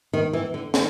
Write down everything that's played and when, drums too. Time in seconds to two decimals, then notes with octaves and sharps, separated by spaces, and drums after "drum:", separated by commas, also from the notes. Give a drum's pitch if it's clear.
0.13 D#3
0.33 E3
0.54 D3
0.74 D#3, drum: snare